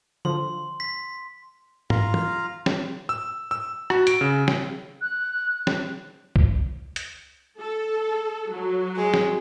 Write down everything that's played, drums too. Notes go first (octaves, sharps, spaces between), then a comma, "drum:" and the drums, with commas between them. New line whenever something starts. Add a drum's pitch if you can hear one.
D3 F3 C6
B6
F4 F5 A#5, drum: tom G#2
drum: tom
drum: snare
E6
E6
F#4, drum: rim click
D7, drum: hi-hat
C#3
drum: snare
F#6
drum: snare
drum: kick C2
drum: hi-hat
A4
F#3
G#3 G#4
drum: snare